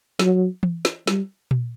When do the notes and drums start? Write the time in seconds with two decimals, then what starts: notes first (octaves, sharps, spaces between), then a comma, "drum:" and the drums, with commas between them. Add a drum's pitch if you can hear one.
0.19 F#3, drum: snare
0.63 drum: tom E3
0.85 drum: snare
1.07 G3, drum: snare
1.51 drum: tom A#2